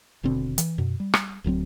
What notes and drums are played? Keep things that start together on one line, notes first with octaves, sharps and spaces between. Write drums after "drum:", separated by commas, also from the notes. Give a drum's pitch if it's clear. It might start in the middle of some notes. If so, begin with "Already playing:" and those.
D#1 B2 D3 C4
E3, drum: hi-hat
F#2 B2
G3
drum: rim click
D1 D2 F#3 C4